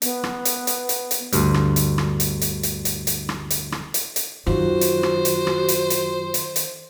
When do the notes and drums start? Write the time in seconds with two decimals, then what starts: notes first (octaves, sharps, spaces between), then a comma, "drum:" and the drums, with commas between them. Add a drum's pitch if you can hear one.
0.02 B3, drum: hi-hat
0.24 drum: rim click
0.45 drum: hi-hat
0.67 drum: hi-hat
0.89 drum: hi-hat
1.11 drum: hi-hat
1.33 D2 G2, drum: hi-hat
1.54 drum: rim click
1.76 drum: hi-hat
1.98 drum: rim click
2.20 drum: hi-hat
2.42 drum: hi-hat
2.63 drum: hi-hat
2.85 drum: hi-hat
3.07 drum: hi-hat
3.29 drum: rim click
3.51 drum: hi-hat
3.72 drum: rim click
3.94 drum: hi-hat
4.16 drum: hi-hat
4.47 F#2 D#3 F#3 F4 F#4 C5
4.81 drum: hi-hat
5.03 drum: rim click
5.25 drum: hi-hat
5.47 drum: rim click
5.68 drum: hi-hat
5.90 drum: hi-hat
6.34 drum: hi-hat
6.56 drum: hi-hat